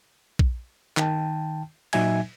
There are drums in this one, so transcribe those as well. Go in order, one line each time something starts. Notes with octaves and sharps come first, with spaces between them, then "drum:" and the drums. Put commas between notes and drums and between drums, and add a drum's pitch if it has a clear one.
drum: kick A#1
D#3 G5 A5, drum: clap
A#2 F#3 D#4 E5 G#5 G#6, drum: cymbal